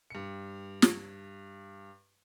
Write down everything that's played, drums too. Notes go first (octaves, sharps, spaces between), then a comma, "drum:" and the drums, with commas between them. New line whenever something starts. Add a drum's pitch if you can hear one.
G2 C#7
drum: snare